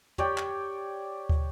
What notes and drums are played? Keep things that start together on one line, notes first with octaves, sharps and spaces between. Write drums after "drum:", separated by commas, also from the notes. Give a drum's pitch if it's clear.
G4 C#5 D5 G5, drum: tom
drum: clap
drum: kick